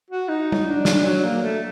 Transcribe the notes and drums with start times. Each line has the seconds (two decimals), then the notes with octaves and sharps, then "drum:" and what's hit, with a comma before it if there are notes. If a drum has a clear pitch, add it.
0.10 F#4
0.28 D#4
0.52 drum: tom G3
0.67 D4
0.85 drum: snare
1.04 F#3
1.24 A#3
1.42 A3